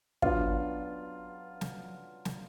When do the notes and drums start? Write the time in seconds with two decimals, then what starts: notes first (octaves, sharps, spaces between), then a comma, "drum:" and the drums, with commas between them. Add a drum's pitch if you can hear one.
0.22 F#3 B3 D4 F4, drum: kick
1.61 drum: snare
2.25 drum: snare